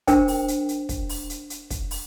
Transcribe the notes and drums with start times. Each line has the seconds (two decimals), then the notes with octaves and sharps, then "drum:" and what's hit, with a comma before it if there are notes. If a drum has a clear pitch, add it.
0.07 D4 A#4 C5 G5, drum: kick, hi-hat
0.28 drum: open hi-hat
0.48 drum: hi-hat
0.69 drum: hi-hat
0.89 drum: kick, hi-hat
1.09 drum: open hi-hat
1.30 drum: hi-hat
1.50 drum: hi-hat
1.70 drum: kick, hi-hat
1.91 drum: open hi-hat